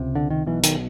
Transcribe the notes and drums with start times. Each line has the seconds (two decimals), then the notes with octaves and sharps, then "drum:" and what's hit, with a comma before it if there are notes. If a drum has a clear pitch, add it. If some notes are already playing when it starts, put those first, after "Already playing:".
Already playing: C#2 C3
0.15 D3
0.30 D#3
0.46 B1 B2 E3
0.63 D#3, drum: hi-hat